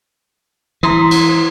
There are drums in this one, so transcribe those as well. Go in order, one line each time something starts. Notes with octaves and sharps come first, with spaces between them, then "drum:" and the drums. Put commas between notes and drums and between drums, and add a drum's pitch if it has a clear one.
E3 A#5 C6 D#6
drum: cymbal